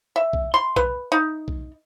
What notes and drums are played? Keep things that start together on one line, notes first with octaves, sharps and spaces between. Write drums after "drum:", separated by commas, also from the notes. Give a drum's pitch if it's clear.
E5
drum: kick B1
C6
B4, drum: kick B1
D#4
drum: kick B1